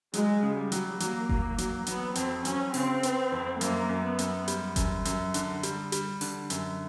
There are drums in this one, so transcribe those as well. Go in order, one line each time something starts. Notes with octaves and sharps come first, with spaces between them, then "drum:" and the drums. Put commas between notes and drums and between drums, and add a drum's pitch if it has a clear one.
F#3 G#3, drum: hi-hat
C#3
G3
F#3, drum: hi-hat
F#3 A#3, drum: hi-hat
F#3, drum: kick F#1
F#3, drum: hi-hat
F#3 B3, drum: hi-hat
F2 C4, drum: hi-hat
F#3 C#4, drum: hi-hat
C#3 C4, drum: open hi-hat
B3, drum: hi-hat
F2
F#2 A#3, drum: hi-hat
F#2
B3
F#2, drum: hi-hat
G3, drum: hi-hat
F#2, drum: kick F#1, hi-hat
F#2, drum: hi-hat
D3, drum: hi-hat
G3, drum: hi-hat
G3, drum: hi-hat
D3, drum: open hi-hat
F#2, drum: hi-hat